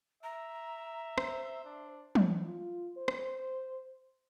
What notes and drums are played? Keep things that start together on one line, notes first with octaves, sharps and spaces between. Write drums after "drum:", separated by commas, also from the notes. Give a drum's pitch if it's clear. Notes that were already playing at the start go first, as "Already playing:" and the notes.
E5 A#5
C5, drum: rim click
D4
drum: tom
F4
C5
drum: rim click